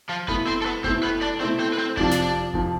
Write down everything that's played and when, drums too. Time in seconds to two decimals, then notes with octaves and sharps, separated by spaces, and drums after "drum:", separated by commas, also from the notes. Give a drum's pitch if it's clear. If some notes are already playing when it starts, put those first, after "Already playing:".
0.09 F3 F4
0.28 B2 A3 B3 E4 B4, drum: kick F#1
0.47 C4 C5
0.62 A4
0.66 B3 B4
0.84 B2 A3 C4 E4 C5, drum: kick F#1
1.03 B3 B4
1.22 D4 D5
1.40 B2 A3 C4 E4 C5
1.60 C4 C5
1.73 B4
1.78 C4 C5
1.97 F2 C3 F3 D4 D5, drum: kick F#1
2.11 drum: snare
2.54 F2 C3 F3, drum: kick F#1